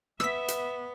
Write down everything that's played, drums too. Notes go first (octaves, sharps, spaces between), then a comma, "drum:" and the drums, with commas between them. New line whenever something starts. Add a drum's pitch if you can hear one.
B3 E5 E6 B6, drum: rim click
drum: hi-hat